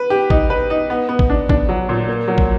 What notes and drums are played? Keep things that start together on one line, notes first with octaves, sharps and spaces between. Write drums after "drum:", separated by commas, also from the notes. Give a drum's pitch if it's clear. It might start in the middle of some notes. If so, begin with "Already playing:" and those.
Already playing: B4
G4
D#4, drum: kick
B4
D#4
B3
B3
drum: kick
D4
D4, drum: kick
F#3
A#2
A#3
F#3
drum: kick